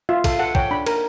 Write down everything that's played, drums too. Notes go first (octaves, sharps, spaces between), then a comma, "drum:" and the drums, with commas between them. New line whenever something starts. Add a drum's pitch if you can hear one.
F4 E5
A4 F5, drum: kick, cymbal
A4 F#5
C#5 G5, drum: kick
D4 B5
A#4, drum: cymbal